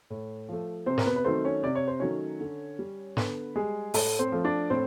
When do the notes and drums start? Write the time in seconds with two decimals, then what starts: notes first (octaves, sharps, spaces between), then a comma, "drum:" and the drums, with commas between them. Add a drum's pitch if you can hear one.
0.10 A2
0.49 F3 A3
0.86 C3 C4 C5
0.98 A#4, drum: snare
1.06 B3 B4
1.16 B4
1.25 D#3 F#3 A3 C4 C5
1.44 C#4 C#5
1.63 C3 D5
1.75 C#5
1.88 C5
2.00 D#3 F#3 A3 C#4 C#5
2.41 D3
2.79 G3
3.17 D3 B3 B4, drum: snare
3.56 G3 G#3 G#4
3.94 A2 A3 A4, drum: open hi-hat
4.19 C4 C5
4.32 F3 A3
4.45 D4 D5
4.70 A2 C4 C5